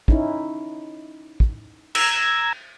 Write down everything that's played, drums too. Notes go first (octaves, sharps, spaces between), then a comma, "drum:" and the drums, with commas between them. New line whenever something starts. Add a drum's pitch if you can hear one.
C#4 D#4 E4, drum: kick
drum: kick
A#5 E6 G#6, drum: cymbal